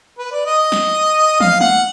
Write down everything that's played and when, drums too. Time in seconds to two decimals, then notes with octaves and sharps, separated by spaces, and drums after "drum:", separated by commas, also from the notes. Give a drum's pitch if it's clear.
0.18 B4
0.32 D5
0.46 D#5
0.72 drum: snare
1.40 F5, drum: tom
1.60 F#5, drum: tom